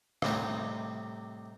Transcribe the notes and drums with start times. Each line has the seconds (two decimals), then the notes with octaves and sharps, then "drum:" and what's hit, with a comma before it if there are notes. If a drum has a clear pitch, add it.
0.22 C2 A2 C3 D#4, drum: rim click